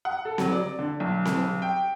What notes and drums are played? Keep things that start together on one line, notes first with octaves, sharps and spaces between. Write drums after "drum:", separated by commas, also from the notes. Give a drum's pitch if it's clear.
F#5
A4
F#3, drum: snare C4
D5
D3
B1
drum: snare C4
G5